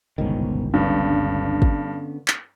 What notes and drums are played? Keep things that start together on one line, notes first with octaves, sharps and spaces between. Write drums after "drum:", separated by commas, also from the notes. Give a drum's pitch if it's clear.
G1 C#2 G#2 B2 D#3 C#4
G2 D3 B3 C#4
drum: kick
drum: clap